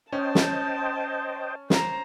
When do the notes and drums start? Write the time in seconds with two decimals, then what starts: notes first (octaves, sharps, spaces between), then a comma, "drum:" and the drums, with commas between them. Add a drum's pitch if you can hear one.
0.12 C#4 C5 D#5 G5 A5
0.35 drum: snare
1.70 C5 A#5, drum: snare